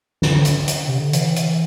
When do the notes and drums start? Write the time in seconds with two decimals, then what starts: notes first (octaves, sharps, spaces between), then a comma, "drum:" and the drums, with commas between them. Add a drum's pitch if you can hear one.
0.22 D3, drum: snare
0.45 drum: hi-hat
0.68 drum: hi-hat
0.87 C3
1.00 D3
1.13 E3, drum: hi-hat
1.36 drum: hi-hat